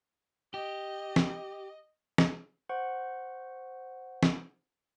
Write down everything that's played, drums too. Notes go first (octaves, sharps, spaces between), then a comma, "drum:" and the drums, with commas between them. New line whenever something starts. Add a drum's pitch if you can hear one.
G4 D#5
drum: snare
drum: snare
C5 F#5 C#6
drum: snare